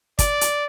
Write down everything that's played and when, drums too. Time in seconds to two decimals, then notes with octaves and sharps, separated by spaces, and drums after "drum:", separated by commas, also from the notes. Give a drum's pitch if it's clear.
0.19 D5, drum: kick, hi-hat
0.41 drum: hi-hat